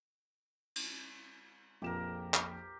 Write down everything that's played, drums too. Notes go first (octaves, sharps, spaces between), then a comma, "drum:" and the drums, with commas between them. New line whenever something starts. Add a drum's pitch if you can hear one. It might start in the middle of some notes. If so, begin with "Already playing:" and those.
drum: cymbal
A#1 F2 G4 A#4 E7
G4, drum: clap